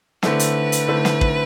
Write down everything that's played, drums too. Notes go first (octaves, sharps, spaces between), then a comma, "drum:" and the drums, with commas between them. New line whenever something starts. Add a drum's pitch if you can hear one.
D3 A3 C4 E4 B4, drum: snare
drum: hi-hat
drum: hi-hat
D3 A3 C4 E4
drum: snare
drum: kick